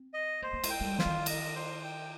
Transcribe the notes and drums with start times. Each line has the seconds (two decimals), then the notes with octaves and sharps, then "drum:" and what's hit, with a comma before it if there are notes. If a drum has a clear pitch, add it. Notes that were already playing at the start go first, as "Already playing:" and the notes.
Already playing: C4
0.14 D#5
0.42 A#3 C5
0.53 A#3
0.64 G#3, drum: cymbal
0.70 G5
0.81 G#3
0.84 G3
0.99 F4, drum: snare
1.06 D#3
1.26 D#5, drum: cymbal
1.55 C5
1.83 G5